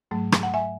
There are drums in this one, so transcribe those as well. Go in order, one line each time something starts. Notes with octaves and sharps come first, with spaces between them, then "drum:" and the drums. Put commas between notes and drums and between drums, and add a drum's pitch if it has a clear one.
G#2 F#3 A3
drum: rim click
F#5
E5 G#5